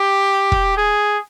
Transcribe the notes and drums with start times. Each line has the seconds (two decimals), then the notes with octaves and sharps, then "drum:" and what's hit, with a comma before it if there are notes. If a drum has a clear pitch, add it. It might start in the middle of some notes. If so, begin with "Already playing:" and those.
Already playing: G4
0.52 drum: kick
0.77 G#4